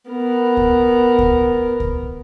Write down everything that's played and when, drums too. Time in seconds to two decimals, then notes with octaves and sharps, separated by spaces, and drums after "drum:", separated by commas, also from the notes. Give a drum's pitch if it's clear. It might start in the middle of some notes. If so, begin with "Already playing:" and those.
0.11 B3 A#4
0.57 drum: kick C#2
1.18 drum: kick C#2
1.80 drum: kick C#2